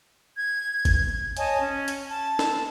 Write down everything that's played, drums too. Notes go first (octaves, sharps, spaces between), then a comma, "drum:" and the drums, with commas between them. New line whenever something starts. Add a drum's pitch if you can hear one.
G#6
drum: kick G1, hi-hat
C#5 D#5 G#5 A5, drum: hi-hat
C#4
drum: hi-hat
A5
drum: snare